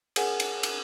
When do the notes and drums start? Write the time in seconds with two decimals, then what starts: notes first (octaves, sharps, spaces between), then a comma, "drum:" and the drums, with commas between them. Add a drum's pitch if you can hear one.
0.16 G#4 A#4 C#5 F#5 G#5, drum: cymbal
0.40 drum: cymbal
0.63 drum: cymbal